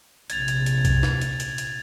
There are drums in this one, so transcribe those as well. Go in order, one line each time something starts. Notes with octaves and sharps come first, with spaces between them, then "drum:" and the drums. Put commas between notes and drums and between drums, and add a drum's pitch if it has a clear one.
A#1 C3 G#6 A6 F7, drum: hi-hat
drum: hi-hat
drum: hi-hat
drum: kick, hi-hat
drum: snare
drum: hi-hat
drum: hi-hat
drum: hi-hat